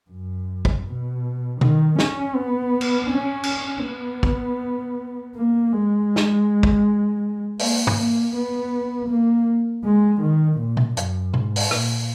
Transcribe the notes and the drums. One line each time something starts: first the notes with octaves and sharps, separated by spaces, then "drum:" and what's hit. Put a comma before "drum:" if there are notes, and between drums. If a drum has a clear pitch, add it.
F#2
drum: kick
B2
D#3, drum: tom B2
C#4, drum: snare
B3
drum: cymbal
C#4
drum: cymbal
B3
drum: kick
A#3
G#3
drum: snare
drum: kick
A#3, drum: open hi-hat
drum: tom
A#3
B3
A#3
G#3
D#3
A#2
drum: tom B2
F#2, drum: hi-hat
G#2, drum: tom B2
drum: open hi-hat
A#2, drum: rim click